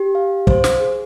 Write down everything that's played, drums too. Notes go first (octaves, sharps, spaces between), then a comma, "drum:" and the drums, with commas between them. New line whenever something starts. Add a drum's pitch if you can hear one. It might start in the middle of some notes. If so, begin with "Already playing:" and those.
Already playing: G4
F5
C5, drum: kick
drum: snare
G#4